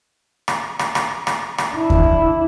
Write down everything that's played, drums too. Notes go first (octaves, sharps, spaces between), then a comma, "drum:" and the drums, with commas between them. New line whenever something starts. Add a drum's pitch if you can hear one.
drum: rim click
drum: rim click
drum: rim click
drum: rim click
drum: rim click
D4 E4
drum: kick D#2